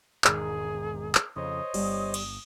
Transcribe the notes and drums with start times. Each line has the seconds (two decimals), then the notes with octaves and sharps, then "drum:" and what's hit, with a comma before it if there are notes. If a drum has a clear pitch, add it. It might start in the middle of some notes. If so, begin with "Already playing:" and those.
0.24 E1 G#2 D#3 G#4, drum: clap
1.15 drum: clap
1.36 F2 C#3 C5 C#5 D#5 D#6
1.74 G1 G3, drum: cymbal
2.14 drum: cymbal